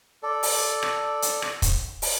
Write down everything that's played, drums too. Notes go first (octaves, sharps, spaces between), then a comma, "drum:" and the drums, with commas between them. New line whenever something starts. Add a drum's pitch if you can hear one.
A4 D5
drum: open hi-hat
drum: rim click
drum: hi-hat
drum: rim click
drum: kick, hi-hat
drum: open hi-hat